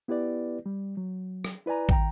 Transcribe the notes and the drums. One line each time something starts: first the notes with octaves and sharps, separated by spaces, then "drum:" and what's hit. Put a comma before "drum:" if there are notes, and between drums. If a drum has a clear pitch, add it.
B3 E4 G4 B4 D5
G3
F#3
drum: rim click
E4 B4 D5 G#5 A#5
D#3 G5 A#5, drum: kick A1